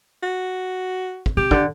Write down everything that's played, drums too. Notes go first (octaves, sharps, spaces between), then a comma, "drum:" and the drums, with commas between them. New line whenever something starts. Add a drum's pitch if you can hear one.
F#4
drum: kick
C3 G4
D3, drum: kick